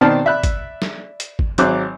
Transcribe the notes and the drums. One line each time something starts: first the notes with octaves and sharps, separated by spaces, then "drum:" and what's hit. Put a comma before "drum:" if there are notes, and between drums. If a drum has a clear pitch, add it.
B2 D#3 C4 D5 A5 F6
D5 E5 B5 F#6
drum: kick, hi-hat
drum: snare
drum: hi-hat
drum: kick
G#1 F#3 C5 D6 F#6, drum: hi-hat